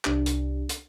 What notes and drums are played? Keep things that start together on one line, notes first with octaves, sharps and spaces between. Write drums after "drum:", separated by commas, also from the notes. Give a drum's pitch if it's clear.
C2 D4 G4, drum: clap
drum: hi-hat
drum: hi-hat